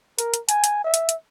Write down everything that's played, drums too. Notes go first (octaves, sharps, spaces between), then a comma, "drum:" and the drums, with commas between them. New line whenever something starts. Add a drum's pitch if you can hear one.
A#4, drum: hi-hat
drum: hi-hat
G#5, drum: hi-hat
drum: hi-hat
E5
drum: hi-hat
drum: hi-hat